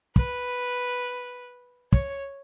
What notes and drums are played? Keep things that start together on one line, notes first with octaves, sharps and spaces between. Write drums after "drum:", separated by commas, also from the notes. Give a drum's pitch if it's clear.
B4, drum: kick
C#5, drum: kick